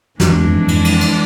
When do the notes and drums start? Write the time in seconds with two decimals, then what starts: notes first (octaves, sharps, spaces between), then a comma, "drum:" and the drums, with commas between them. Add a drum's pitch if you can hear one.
0.20 F2 E3 G#3 D4, drum: snare
0.32 E2
0.44 F2
0.56 G#2
0.68 F2, drum: cymbal
0.85 drum: cymbal
1.01 drum: cymbal